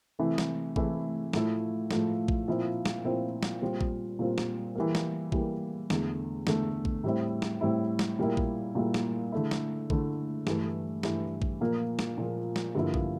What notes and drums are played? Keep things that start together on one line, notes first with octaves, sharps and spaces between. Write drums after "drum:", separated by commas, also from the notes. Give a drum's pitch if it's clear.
C3 E3 A3 E4
drum: snare
C3 E3 A3 E4, drum: kick A1
A2 F3 A3 E4, drum: snare
A2 F3 A3 E4, drum: snare
drum: kick A1
A#2 F3 C4 E4
drum: snare
A#2 F3 C4 E4
drum: snare
A#2 G3 C4 F4
drum: kick A1
A#2 G3 C4 F4
drum: snare
E3 G3 A#3
drum: snare
E3 G3 A#3, drum: kick A1
E2 D3 A3, drum: snare
E2 D3 A3, drum: snare
drum: kick A1
A2 G3 C4 E4
drum: snare
A2 G3 C4 E4
drum: snare
A#2 G3 A#3 E4
drum: kick A1
A#2 G3 A#3 E4
drum: snare
D3 A3 E4
drum: snare
D3 A3 E4, drum: kick A1
G2 E3 A3, drum: snare
G2 E3 A3, drum: snare
drum: kick A1
A#2 F3 A#3
drum: snare
A#2 F3 A#3
drum: snare
G2 D3 F3 A#3 E4
drum: kick A1